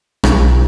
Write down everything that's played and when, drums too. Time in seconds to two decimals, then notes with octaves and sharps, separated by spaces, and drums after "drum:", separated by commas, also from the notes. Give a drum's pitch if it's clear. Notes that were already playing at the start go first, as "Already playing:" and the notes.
0.24 B1, drum: rim click